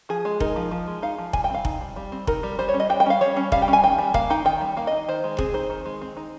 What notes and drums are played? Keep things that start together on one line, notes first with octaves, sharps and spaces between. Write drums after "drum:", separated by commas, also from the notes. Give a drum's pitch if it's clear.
F3 G#4
G#3
D#4 A#4, drum: kick F1
F3
F3
G#3
D#4 F5
F3
G3 G#5, drum: kick F1
G5
C4 F5
D#4, drum: kick F1
G3
G3
C4
D#4 A#4, drum: kick F1
G3
G3 C5
C#5
C#4
D#5
G3 G5
G5
C#4 F5
G3 C#5
C#4
G3 F5, drum: kick F1
G5
C#4
G#5
D#3 G5
G3
A#3 F5, drum: kick F1
D#4 G5
D#3 G5
G3
A#3 F5
D#4 D#5
D#3 C5
G#3
C4 G#4, drum: kick F1
D#4 C5
D#3
G#3
C4
D#4